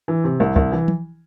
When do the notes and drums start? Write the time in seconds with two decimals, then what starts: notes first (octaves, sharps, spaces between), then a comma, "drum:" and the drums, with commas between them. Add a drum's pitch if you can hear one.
0.08 E3
0.24 C3
0.40 C2
0.56 C2, drum: kick
0.72 E3
0.88 drum: tom F3